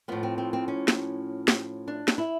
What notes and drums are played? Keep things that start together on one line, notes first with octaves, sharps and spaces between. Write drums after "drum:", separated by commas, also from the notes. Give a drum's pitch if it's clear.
A2 F3 B3
C4
C4
C4
C#4
drum: snare
drum: snare
D4
drum: snare
E4